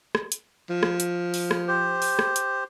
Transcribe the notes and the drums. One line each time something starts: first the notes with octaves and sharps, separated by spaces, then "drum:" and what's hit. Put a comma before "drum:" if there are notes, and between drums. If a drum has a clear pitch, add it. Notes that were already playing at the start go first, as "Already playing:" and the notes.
drum: rim click
drum: hi-hat
F3
drum: rim click
drum: hi-hat
drum: open hi-hat
drum: rim click
G4 C5
drum: open hi-hat
drum: rim click
drum: hi-hat